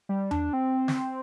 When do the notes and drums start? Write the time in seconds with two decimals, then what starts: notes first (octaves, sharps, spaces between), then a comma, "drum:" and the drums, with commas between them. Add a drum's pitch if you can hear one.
0.09 G3
0.31 D4, drum: tom E2
0.53 C4
0.88 drum: snare